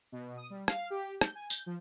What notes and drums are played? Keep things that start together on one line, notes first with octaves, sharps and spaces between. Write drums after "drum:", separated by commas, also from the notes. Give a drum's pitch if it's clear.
B2
D#6
G3
F5, drum: rim click
G4
G6, drum: rim click
G#5
G6, drum: tambourine
F3